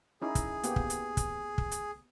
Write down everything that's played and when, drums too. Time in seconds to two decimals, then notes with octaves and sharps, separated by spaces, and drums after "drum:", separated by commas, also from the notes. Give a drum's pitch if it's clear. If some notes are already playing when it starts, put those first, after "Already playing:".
0.22 C#4 D#4 E4 G#4
0.35 drum: kick, hi-hat
0.63 A#3 B3 G4, drum: hi-hat
0.76 drum: kick
0.90 drum: hi-hat
1.17 drum: kick, hi-hat
1.58 drum: kick
1.72 drum: hi-hat